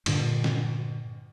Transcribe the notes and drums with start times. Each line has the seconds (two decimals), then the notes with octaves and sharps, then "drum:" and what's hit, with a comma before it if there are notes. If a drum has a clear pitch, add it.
0.06 G2 A#2 D3, drum: cymbal
0.44 drum: snare